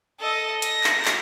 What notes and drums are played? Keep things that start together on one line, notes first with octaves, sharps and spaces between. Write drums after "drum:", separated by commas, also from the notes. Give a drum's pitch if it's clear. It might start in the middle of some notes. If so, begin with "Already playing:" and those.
A4 D#5
A#6, drum: hi-hat
drum: clap
drum: clap